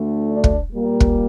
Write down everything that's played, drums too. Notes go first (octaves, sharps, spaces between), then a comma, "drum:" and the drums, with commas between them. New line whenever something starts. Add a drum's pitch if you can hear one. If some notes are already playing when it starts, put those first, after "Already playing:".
Already playing: D2 D3 A3
D4
drum: kick
A#2 G3 A#3
drum: kick